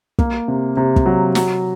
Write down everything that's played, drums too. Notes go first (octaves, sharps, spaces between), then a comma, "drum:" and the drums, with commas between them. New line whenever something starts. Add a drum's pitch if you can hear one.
A#3, drum: kick
C3
C3
drum: kick
F#3
F#3, drum: snare